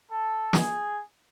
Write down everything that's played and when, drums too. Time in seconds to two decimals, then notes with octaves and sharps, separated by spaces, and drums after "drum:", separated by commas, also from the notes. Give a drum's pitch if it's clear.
0.11 A4
0.53 G#4, drum: snare